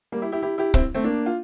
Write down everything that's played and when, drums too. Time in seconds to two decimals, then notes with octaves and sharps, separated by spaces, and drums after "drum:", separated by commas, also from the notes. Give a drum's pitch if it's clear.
0.12 G3 A#3
0.22 E4 G4
0.32 E4 G4
0.42 E4 G4
0.58 E4 G4
0.74 C4 E4, drum: kick
0.94 A3 C4
1.04 A#3 D4
1.26 F4